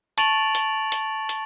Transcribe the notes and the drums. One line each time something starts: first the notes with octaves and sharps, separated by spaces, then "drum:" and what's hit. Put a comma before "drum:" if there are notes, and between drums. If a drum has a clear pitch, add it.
A5 C#6 A6 D7 F7 F#7, drum: hi-hat
drum: hi-hat
drum: hi-hat
drum: hi-hat